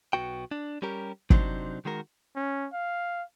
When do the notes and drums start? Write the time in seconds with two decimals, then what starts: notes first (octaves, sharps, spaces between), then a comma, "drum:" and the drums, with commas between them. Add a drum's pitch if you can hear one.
0.13 B1 B3 F#4 G5
0.51 D4
0.82 G3 C#4 G4 A#4
1.30 C3 F#3 D4 D#4 C5, drum: kick
1.85 D#3 G#3 F#4 A#4
2.36 C#4
2.73 F5